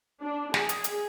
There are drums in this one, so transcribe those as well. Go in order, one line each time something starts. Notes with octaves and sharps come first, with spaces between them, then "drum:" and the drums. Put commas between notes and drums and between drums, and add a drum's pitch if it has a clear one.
D4
G#4, drum: snare
drum: hi-hat
drum: hi-hat